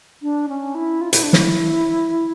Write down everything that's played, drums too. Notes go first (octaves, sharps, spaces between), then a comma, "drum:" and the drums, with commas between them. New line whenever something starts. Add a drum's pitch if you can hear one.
D4
C#4
E4
F4
E4, drum: hi-hat
D4
E4, drum: snare